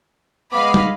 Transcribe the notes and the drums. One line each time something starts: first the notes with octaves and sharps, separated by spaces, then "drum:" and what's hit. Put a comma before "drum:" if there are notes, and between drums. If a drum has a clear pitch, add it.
G#3 B3 D#5 F5 B5 D6
drum: tom